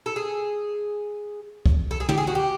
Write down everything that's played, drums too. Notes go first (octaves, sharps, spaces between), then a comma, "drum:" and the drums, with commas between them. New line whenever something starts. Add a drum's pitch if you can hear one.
A4
G#4
drum: kick
A4
G#4
G4, drum: tom
G#4
F#4
G4